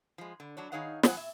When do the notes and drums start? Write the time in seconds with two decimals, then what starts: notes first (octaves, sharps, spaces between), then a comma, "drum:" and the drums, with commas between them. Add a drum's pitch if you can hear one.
0.18 F3 G#3
0.40 D3
0.57 F#3 D4 C#5
0.72 D#3 D#4 G#4 C#5 F5 F#5
1.03 F#2 A#2 F3 G#3 F#5, drum: snare
1.17 A#2 E5